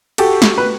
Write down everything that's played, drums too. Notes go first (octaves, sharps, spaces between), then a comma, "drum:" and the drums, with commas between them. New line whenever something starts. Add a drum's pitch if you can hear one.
F#4 G4 A4, drum: cymbal
drum: snare
B4